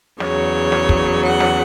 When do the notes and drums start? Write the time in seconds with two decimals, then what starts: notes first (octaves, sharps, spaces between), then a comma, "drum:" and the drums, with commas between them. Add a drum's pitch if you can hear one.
0.20 E2 C#3 F#3 C#5, drum: snare
0.72 drum: snare
0.89 drum: kick
1.23 F#5
1.40 drum: snare